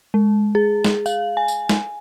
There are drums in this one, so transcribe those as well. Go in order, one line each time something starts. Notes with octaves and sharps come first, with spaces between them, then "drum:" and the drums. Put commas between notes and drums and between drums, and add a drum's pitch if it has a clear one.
G#3
G#4
drum: snare
F5, drum: tambourine
G#5
drum: tambourine
drum: snare